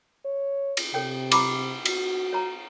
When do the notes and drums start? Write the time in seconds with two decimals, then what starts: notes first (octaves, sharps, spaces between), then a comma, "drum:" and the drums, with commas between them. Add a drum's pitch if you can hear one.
0.25 C#5
0.77 drum: cymbal
0.94 C3 A4 C#5 G5
1.32 A#5 B5 D6, drum: cymbal
1.85 F#4, drum: cymbal
2.33 C#5 A#5